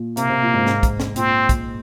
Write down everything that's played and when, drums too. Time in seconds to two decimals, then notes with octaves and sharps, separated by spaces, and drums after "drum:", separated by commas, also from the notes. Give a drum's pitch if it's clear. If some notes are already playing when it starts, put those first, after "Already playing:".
Already playing: A#2
0.17 C3 A#3, drum: hi-hat
0.30 C3
0.42 A#2
0.54 G#2
0.67 drum: snare
0.83 drum: kick, hi-hat
1.00 drum: snare
1.16 A#2 C4, drum: hi-hat
1.49 drum: kick, hi-hat